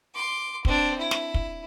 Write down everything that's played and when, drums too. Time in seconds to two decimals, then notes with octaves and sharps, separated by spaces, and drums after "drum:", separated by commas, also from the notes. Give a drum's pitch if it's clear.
0.15 C6 D6
0.65 C4 D4, drum: kick
0.99 E4
1.11 drum: snare
1.34 drum: kick